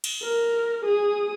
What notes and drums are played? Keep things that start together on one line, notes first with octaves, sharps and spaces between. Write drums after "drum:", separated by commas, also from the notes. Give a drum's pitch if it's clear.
drum: cymbal
A#4
G#4 D#6